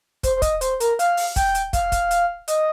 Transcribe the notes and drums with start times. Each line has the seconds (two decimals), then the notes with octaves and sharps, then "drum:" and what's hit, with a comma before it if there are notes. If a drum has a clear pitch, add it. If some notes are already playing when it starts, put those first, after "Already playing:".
0.23 C5, drum: kick, hi-hat
0.36 C5
0.42 D#5, drum: kick, hi-hat
0.61 C5, drum: hi-hat
0.80 A#4, drum: hi-hat
0.99 F5, drum: hi-hat
1.17 drum: open hi-hat
1.36 G5, drum: kick, hi-hat
1.55 drum: hi-hat
1.73 F5, drum: kick, hi-hat
1.92 drum: kick, hi-hat
2.11 drum: hi-hat
2.48 D#5, drum: hi-hat